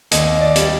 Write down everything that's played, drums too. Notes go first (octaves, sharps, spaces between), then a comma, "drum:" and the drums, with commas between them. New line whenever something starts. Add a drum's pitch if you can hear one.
D#2 D#5, drum: hi-hat
D5
G3, drum: hi-hat